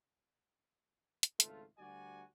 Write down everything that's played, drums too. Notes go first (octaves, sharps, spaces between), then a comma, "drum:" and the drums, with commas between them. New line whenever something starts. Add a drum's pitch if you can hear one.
drum: hi-hat
G#1 C#2 A3 F4, drum: hi-hat
D2 G3 F#4 D5 G#5